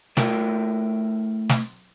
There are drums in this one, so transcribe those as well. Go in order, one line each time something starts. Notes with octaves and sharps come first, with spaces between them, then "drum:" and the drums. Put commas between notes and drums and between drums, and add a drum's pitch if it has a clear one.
A3 E4 A#4 G5, drum: snare
drum: snare